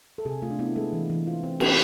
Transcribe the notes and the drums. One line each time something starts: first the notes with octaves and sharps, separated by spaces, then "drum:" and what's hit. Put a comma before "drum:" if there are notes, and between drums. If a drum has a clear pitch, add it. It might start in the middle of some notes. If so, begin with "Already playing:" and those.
A4
C3 G#4
A3 F4
D4
B3 E4
G#3 A4
E3
E3
C4 F4
C4
B3 A4, drum: cymbal